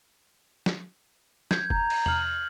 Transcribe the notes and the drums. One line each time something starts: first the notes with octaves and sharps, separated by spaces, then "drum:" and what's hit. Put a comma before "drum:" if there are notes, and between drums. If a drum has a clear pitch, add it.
drum: snare
G6 G#6, drum: snare
A#5 G6, drum: kick
drum: cymbal
F6 F#7, drum: tom E2